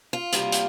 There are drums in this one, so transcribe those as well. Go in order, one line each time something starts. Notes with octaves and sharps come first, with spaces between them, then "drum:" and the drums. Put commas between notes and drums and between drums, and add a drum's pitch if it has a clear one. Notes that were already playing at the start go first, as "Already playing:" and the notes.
F4
D2 C3 G3 A#3, drum: hi-hat
drum: hi-hat